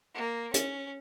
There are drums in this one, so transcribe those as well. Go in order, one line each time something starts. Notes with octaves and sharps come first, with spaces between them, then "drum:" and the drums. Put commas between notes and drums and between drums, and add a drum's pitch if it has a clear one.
A#3
C#4, drum: hi-hat